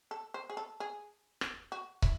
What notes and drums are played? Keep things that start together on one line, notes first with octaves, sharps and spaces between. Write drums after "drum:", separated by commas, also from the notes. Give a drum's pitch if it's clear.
A4
C5
G#4
A4
G#4
drum: rim click
F#4
E4, drum: kick